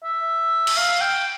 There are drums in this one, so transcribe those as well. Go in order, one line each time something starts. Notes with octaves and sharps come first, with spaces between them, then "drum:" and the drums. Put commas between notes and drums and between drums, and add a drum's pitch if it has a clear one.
E5
drum: cymbal
F5
G5